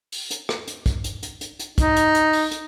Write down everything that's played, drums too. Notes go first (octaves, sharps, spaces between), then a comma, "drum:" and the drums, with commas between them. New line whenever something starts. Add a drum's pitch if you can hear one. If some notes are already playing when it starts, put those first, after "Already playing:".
drum: open hi-hat
drum: hi-hat
drum: rim click
drum: hi-hat
drum: kick, hi-hat
drum: hi-hat
drum: hi-hat
drum: hi-hat
drum: hi-hat
D#4, drum: kick, hi-hat
drum: hi-hat
drum: hi-hat
drum: open hi-hat
drum: hi-hat